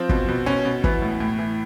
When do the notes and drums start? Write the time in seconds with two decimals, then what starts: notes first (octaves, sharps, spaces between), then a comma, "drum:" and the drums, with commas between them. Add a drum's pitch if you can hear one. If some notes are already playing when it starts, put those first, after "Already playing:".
Already playing: F3 C4
0.09 B2, drum: kick
0.28 B2
0.46 B2 C#4
0.65 B2
0.84 E3 B3, drum: kick
1.02 A2
1.20 A2
1.39 E3